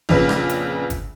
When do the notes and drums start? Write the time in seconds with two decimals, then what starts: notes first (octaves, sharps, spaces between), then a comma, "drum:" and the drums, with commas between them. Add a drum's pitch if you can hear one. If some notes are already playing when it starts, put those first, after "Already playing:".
0.09 A#1 F2 C#3 B4, drum: kick G1
0.29 drum: rim click
0.49 drum: hi-hat
0.90 drum: kick G1, hi-hat